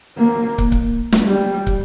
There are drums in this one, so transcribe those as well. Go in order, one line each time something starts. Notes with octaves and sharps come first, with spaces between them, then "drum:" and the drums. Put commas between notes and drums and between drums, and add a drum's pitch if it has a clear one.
A#3
drum: kick
drum: kick
drum: snare
G3
drum: kick